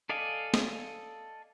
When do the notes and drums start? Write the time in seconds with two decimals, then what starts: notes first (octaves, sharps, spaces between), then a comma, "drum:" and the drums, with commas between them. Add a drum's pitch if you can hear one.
0.09 A4 D5 D#5 F5 G#5
0.54 drum: snare